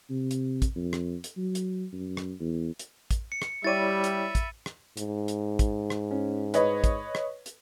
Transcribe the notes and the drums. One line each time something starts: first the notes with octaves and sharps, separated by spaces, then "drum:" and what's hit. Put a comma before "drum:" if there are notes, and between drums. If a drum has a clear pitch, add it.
C3
drum: hi-hat
drum: kick, hi-hat
F2
drum: rim click
drum: hi-hat
F#3
drum: hi-hat
F#2
drum: rim click
E2
drum: hi-hat
drum: kick, hi-hat
C#7
drum: rim click
G3 E4 C#5 D5 E5 B5 A6 D#7
drum: hi-hat
drum: kick, hi-hat
drum: rim click
G#2, drum: hi-hat
drum: hi-hat
drum: kick, hi-hat
drum: rim click
C#4
B4 C#5 D#5, drum: hi-hat
drum: kick, hi-hat
drum: rim click
drum: hi-hat